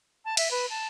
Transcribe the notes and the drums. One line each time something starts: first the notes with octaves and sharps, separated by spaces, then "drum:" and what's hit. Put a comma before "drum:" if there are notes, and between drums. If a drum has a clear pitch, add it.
A5
E5, drum: cymbal
B4
A5